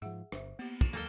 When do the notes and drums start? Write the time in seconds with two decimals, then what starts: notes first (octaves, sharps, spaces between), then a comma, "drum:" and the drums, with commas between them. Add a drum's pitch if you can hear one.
0.02 G#2 F3 G#4 E5 F#5
0.32 G1 C5 E5, drum: rim click
0.59 A#3 B3 G4, drum: cymbal
0.81 drum: kick, cymbal
0.93 D#2 F#3 A#3 A4 F5 G5